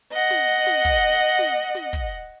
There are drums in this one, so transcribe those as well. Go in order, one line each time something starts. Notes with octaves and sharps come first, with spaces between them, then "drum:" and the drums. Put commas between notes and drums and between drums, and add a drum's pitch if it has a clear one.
D#5 F#5, drum: open hi-hat
drum: snare
drum: hi-hat
drum: snare
drum: kick, hi-hat
drum: open hi-hat
drum: snare
drum: hi-hat
drum: snare
drum: kick, hi-hat